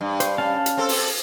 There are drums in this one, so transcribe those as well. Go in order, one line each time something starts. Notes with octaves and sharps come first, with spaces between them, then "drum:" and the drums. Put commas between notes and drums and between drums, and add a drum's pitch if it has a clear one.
G2
C5, drum: hi-hat
C#4 F5 A5
drum: hi-hat
C4 A4
drum: open hi-hat